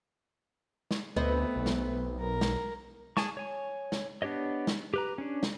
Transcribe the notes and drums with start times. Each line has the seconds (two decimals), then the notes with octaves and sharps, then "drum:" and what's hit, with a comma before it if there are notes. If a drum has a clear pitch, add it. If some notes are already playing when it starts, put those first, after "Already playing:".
0.91 drum: snare
1.16 D2 A3 B3 C4 B4 D#5
1.56 B1
1.66 drum: snare
2.20 A#4
2.41 drum: snare
3.17 G#4 G#5 A5 C#6, drum: snare
3.37 C#5 G#5
3.92 drum: snare
4.22 B3 D4 G4 C#5 D#5
4.67 drum: snare
4.94 G4 B4 A#5
5.18 C#4 D4
5.43 drum: snare